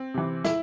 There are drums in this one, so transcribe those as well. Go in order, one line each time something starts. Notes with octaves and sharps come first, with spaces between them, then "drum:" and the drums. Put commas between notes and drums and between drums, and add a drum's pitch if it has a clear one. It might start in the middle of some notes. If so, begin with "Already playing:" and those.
Already playing: C4
C3 E3
E4, drum: snare